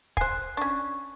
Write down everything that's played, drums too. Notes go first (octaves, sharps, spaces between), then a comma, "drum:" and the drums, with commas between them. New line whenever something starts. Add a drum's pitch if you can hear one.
C5 G#5 F#6 C7, drum: kick
C#4 D4 C#6